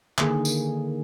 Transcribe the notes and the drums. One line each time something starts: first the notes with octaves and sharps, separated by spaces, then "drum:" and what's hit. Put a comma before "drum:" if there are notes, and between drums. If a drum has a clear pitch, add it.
D3 D#3 A#3 G#4, drum: clap
drum: tambourine